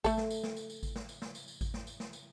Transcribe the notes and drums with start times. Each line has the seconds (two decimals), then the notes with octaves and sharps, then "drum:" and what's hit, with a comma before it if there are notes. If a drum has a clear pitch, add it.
0.04 A3 A4, drum: kick G#1, tambourine
0.17 drum: snare
0.30 drum: tambourine
0.44 drum: snare
0.57 drum: tambourine
0.70 drum: tambourine
0.83 drum: kick G#1, tambourine
0.96 drum: snare
1.09 drum: tambourine
1.22 drum: snare
1.35 drum: tambourine
1.48 drum: tambourine
1.61 drum: kick G#1, tambourine
1.74 drum: snare
1.87 drum: tambourine
2.00 drum: snare
2.13 drum: tambourine